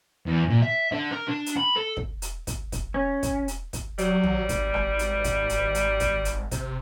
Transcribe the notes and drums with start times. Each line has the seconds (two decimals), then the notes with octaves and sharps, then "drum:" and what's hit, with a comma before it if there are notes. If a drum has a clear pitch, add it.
0.26 E2
0.49 A#2
0.62 E5
0.92 D3
1.12 A#4
1.28 D4
1.46 drum: hi-hat
1.58 B5
1.76 A4
1.97 drum: kick
2.22 drum: hi-hat
2.47 drum: kick, hi-hat
2.72 drum: kick, hi-hat
2.94 C#4
3.23 drum: kick, hi-hat
3.48 drum: hi-hat
3.73 drum: kick, hi-hat
3.98 F#3 G3, drum: hi-hat
4.23 drum: tom
4.49 G#1, drum: kick, hi-hat
4.74 drum: rim click
4.99 drum: hi-hat
5.15 G#1
5.24 drum: kick, hi-hat
5.49 drum: hi-hat
5.75 drum: hi-hat
6.00 drum: kick, hi-hat
6.25 drum: hi-hat
6.51 C3, drum: kick, hi-hat